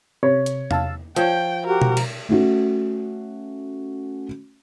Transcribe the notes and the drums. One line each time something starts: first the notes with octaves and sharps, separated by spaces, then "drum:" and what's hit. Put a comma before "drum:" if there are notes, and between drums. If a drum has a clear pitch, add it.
C3 C#5
drum: hi-hat
F5 A5 E6, drum: tom E2
F3 C#5 G5, drum: hi-hat
F#4 G4 A#4
drum: tom B2
drum: cymbal
A3 C#4 F#4